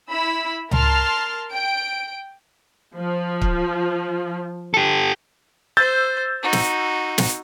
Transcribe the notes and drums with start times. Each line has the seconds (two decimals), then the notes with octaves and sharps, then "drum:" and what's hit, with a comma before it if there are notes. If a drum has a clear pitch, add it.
0.11 E4 B5 E6
0.71 A#4 A5 C6 F6, drum: tom C#2
1.50 G5 D7
2.97 F3
3.42 drum: kick
4.74 G4 A4
5.77 C5 E6 G6 A6
6.42 D#4 F#4
6.53 drum: snare
7.18 drum: snare